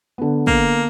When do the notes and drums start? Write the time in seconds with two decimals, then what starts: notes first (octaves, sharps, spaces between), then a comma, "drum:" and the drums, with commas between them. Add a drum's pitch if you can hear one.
0.18 D3 B3
0.47 A#3, drum: kick